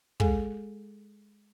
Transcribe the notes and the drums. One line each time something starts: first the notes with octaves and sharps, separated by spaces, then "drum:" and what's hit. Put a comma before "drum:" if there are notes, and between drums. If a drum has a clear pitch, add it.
G#3 G#4 A4 G#5, drum: kick